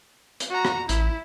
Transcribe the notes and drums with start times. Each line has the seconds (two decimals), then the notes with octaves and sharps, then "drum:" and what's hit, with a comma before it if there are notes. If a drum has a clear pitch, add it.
0.40 drum: hi-hat
0.50 F#4 A#5
0.65 drum: rim click
0.89 A1 E4, drum: hi-hat